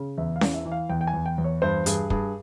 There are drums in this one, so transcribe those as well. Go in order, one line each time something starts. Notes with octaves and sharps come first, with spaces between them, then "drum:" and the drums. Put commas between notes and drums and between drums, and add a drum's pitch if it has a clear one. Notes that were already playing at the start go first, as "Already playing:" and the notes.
Already playing: C#3
E2 E5
F5
E3, drum: snare C#4
E5
E3
F5
E2 G5
G5
G#5
E2
G5
E2
C#5
G2 C5
G2 G#4, drum: hi-hat
G2 G#4, drum: kick